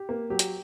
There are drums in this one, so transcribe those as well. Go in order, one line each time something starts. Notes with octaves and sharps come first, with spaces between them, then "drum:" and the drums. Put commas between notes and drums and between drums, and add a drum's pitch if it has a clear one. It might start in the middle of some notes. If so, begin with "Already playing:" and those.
Already playing: G4
A#3
F#3 G4
drum: hi-hat